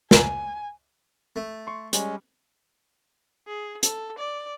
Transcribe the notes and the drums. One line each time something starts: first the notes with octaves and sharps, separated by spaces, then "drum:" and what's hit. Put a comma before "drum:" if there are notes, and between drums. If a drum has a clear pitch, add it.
G#5, drum: snare
A3
C6 C#6
G3 G#3 C#4, drum: hi-hat
G#4
A4, drum: hi-hat
D5